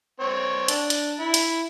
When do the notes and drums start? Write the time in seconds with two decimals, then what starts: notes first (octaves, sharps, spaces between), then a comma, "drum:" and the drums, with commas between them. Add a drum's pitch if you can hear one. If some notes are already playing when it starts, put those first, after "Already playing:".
0.20 C4 C#5
0.68 D4, drum: hi-hat
0.90 drum: hi-hat
1.20 E4
1.34 drum: hi-hat